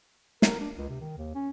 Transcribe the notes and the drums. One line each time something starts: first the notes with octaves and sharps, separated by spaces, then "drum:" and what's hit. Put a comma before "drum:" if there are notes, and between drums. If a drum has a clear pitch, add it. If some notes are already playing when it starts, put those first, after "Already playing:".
A#4, drum: snare
D4
C#2
C3
D#3
D#2
C#4